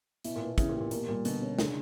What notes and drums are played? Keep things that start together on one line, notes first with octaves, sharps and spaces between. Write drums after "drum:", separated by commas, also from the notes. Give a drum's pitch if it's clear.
B2 E4, drum: hi-hat
A#2
B3
B2
C#3 E3, drum: kick, hi-hat
A#2
G4
A#2
B2 A#3, drum: hi-hat
A#2 G3
B2 D3, drum: hi-hat
C#4
C#3 D4, drum: snare